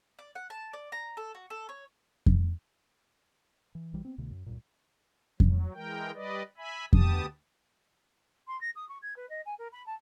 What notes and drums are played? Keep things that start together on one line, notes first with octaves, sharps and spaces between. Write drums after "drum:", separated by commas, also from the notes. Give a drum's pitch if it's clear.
D5
F#5
A5
D5
A#5
A4
F#4
A4
C#5
drum: kick F2
E3
A#1 E3 G3
B3 C4
C2 B2 D3 A3
F#2
C#2 G2 A#2
F#3, drum: kick F2
E3 G#3 A#4 G5
G3 B4 D5 D#5
E5 G#5 B5
D2 B3 G4 A5 D#6, drum: kick F2
C6
A#6
D#6
C#6
G#6
B4
D#5
G#5
A#4
B5
A5